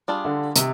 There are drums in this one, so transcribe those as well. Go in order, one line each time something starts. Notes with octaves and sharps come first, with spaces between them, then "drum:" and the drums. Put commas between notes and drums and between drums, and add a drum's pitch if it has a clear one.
G3 D4 F4 G#4
D3
C3 D#3, drum: hi-hat